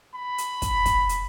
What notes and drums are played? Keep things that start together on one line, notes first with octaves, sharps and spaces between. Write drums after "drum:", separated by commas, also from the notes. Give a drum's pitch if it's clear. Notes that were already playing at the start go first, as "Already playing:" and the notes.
B5
drum: hi-hat
drum: kick, hi-hat
drum: kick, hi-hat
drum: hi-hat